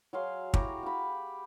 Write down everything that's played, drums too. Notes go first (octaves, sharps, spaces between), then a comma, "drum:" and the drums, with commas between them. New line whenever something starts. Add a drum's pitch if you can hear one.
F#3 G#4 F5 C6
E4 F#4 G4 A#5, drum: kick
F5 B5